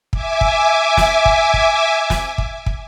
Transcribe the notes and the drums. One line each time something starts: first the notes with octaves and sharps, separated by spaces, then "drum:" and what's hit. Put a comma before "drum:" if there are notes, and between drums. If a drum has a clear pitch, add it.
E5 G#5 D6, drum: kick
drum: kick
drum: snare
drum: kick
drum: kick
drum: snare
drum: kick
drum: kick